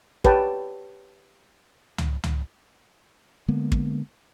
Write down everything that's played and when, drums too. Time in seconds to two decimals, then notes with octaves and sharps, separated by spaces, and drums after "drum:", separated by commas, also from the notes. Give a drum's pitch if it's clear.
0.24 G4 B4 C#5 G5 A5, drum: kick
1.98 drum: tom C#2
2.24 drum: tom C#2
3.48 D3 G#3 A#3 B3
3.72 drum: kick